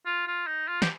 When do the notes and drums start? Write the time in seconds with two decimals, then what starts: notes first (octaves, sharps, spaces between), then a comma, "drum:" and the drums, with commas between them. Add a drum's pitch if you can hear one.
0.06 F4
0.27 F4
0.47 D#4
0.68 F4
0.82 G4, drum: snare